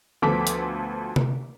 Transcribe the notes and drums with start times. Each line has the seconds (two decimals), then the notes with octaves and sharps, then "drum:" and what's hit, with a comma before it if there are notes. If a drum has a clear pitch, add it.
0.22 D2 F3 B3 A4 D6 B6
0.47 drum: hi-hat
1.16 drum: tom C3